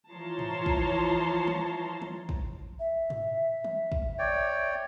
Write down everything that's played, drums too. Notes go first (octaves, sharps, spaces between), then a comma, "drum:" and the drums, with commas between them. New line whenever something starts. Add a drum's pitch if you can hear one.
E3 F3 C#5 A5 A#5 C6
drum: tom
drum: kick
drum: tom
drum: tom
drum: kick
E5
drum: tom
drum: tom
drum: kick
C#5 D5 G5